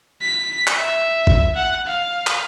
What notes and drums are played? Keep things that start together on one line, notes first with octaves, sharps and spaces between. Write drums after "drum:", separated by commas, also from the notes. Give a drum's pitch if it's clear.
B6
drum: clap
E5
drum: kick G#1
F#5
F5
drum: clap